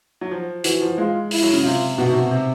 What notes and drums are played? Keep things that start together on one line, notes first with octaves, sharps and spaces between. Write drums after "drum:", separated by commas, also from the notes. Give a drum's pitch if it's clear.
F#3
F3
E3 F#4, drum: hi-hat
F3
G#3 F4
E4, drum: open hi-hat
F#3
C#3
C3 F4
B2 F#4
C3
B2
C3